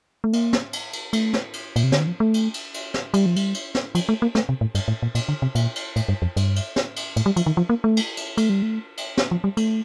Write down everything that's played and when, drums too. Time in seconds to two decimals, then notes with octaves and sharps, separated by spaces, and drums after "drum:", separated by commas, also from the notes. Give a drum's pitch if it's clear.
0.24 A3
0.33 A#3, drum: cymbal
0.53 drum: snare
0.73 drum: cymbal
0.93 drum: cymbal
1.13 A3, drum: cymbal
1.33 drum: snare
1.53 drum: cymbal
1.76 A#2, drum: cymbal
1.84 C3
1.92 D3, drum: snare
2.00 D#3
2.07 F3
2.20 A3
2.34 drum: cymbal
2.54 drum: cymbal
2.74 drum: cymbal
2.94 drum: snare
3.14 G3, drum: cymbal
3.26 F3
3.36 G3, drum: cymbal
3.54 drum: cymbal
3.75 drum: snare
3.95 F3, drum: cymbal
4.09 A3
4.22 A#3
4.35 A3, drum: snare
4.49 C3
4.61 A2
4.75 G2, drum: cymbal
4.88 A2
5.03 A#2
5.15 A#2, drum: cymbal
5.29 D3
5.42 C3
5.55 A#2, drum: cymbal
5.76 drum: cymbal
5.96 A2, drum: cymbal
6.09 G2
6.22 F2
6.37 G2, drum: cymbal
6.56 drum: cymbal
6.76 drum: snare
6.96 drum: cymbal
7.16 A2, drum: cymbal
7.26 G3
7.36 F3, drum: cymbal
7.46 D#3
7.57 F3
7.69 A#3
7.84 A3
7.97 drum: cymbal
8.17 drum: cymbal
8.37 A3, drum: cymbal
8.49 G3
8.63 A3
8.97 drum: cymbal
9.17 drum: snare
9.31 F3
9.44 G3
9.57 A3, drum: cymbal